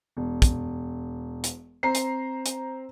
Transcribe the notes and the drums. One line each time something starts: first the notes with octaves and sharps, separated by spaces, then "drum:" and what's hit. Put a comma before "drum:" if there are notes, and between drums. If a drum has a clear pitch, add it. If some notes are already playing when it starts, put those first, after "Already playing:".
E1
drum: kick, hi-hat
drum: hi-hat
C4 C5 A#5 C7
drum: hi-hat
drum: hi-hat